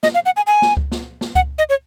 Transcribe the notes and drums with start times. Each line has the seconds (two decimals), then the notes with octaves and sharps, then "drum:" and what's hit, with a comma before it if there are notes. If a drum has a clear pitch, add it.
0.03 D#5, drum: snare
0.14 F5
0.26 F#5
0.37 G#5
0.47 G#5
0.62 drum: snare
0.77 drum: kick C#2
0.92 drum: snare
1.21 drum: snare
1.35 F#5, drum: kick C#2
1.58 D#5
1.69 C#5